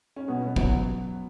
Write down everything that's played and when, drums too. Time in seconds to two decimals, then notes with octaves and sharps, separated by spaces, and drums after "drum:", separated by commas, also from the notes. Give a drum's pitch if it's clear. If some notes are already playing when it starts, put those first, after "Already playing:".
0.16 C#4
0.28 B2 B3
0.47 B3
0.56 F#3, drum: kick